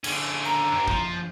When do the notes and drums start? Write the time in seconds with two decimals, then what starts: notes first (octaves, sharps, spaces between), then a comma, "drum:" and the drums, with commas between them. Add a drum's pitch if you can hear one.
0.04 D3 C#4, drum: cymbal
0.45 A#5
0.72 G2 G4
0.88 F3, drum: kick